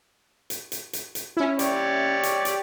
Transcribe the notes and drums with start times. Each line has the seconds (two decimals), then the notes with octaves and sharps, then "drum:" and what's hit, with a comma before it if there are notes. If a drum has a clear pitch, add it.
0.50 drum: hi-hat
0.72 drum: hi-hat
0.93 drum: hi-hat
1.15 drum: hi-hat
1.37 C#4 E4
1.59 G4 C#5 D5, drum: hi-hat
2.23 drum: hi-hat
2.45 drum: hi-hat